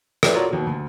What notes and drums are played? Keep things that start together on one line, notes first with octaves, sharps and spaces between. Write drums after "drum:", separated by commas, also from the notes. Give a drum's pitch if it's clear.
F4 G4 A4 B4 D5 E5, drum: rim click
F4 F#4 A4 A#4 C#5 D5
D#2 B2
D2